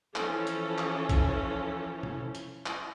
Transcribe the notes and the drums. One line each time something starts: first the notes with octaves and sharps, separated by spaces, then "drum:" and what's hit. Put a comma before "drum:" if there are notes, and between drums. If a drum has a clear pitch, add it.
E3 F3 C#4 A4, drum: clap
drum: hi-hat
drum: clap
drum: kick, hi-hat
drum: tom
drum: hi-hat
drum: clap